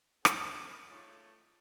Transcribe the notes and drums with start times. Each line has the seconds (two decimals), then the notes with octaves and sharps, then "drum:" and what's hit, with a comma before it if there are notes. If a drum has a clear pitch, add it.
0.25 B3 C4 D4 E4 G#4 F#5, drum: rim click
0.88 A3 D#4 F4 G#4 C#5